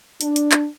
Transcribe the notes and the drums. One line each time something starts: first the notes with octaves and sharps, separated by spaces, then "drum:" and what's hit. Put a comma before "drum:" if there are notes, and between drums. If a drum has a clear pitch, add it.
D4, drum: hi-hat
drum: hi-hat
drum: clap